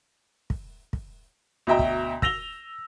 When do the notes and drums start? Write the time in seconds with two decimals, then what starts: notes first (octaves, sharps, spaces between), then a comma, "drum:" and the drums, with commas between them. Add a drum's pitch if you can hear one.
0.50 drum: kick
0.93 drum: kick
1.67 D2 B2 D#5 E5 G5 A#5
1.79 drum: kick
2.22 E6 A#6 F7 G7, drum: kick